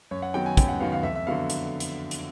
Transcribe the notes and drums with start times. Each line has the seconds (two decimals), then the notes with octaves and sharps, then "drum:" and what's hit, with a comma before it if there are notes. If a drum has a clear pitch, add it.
0.11 F#2 C#5
0.22 F#5
0.34 D#3 F#3 B3 G5
0.46 G#5
0.57 F#2 G5, drum: kick, hi-hat
0.68 F#5
0.80 D#3 F#3 B3 F5
0.92 F5
1.03 F2 E5
1.15 E5
1.27 D3 F#3 B3 F5
1.50 drum: hi-hat
1.80 drum: hi-hat
2.11 drum: hi-hat